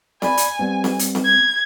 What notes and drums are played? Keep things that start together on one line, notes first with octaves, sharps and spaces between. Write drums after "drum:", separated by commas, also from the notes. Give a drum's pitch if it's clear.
D5 G#5 B5, drum: snare C4
drum: hi-hat
G3 B3 C4
drum: snare C4
drum: hi-hat
drum: snare C4
G#6